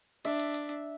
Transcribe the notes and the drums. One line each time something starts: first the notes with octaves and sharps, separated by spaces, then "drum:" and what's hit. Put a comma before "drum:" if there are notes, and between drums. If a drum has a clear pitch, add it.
D4 E5, drum: hi-hat
drum: hi-hat
drum: hi-hat
drum: hi-hat